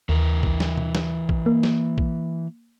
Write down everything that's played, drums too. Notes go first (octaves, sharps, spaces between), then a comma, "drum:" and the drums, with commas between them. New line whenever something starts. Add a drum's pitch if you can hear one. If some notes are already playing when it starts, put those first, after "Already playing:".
D#2 E3 A#4
drum: kick
drum: snare
drum: tom B2
drum: snare
drum: kick
A#3
drum: snare
drum: kick